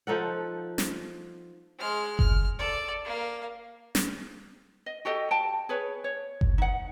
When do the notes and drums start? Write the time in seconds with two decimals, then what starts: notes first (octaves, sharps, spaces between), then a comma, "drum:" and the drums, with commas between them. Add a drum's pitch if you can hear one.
0.07 F3 D#4 A4 F#5
0.78 drum: snare
1.79 G#3 F6
2.19 F6, drum: kick F#1
2.59 A4 D5
3.05 A#3 F5
3.95 drum: snare
4.86 D#5
5.05 F#4 G4 A4 D#5
5.31 G5 A5
5.69 G#4 B4 C#5
6.04 C#5
6.41 drum: kick F#1
6.58 D#4 F#5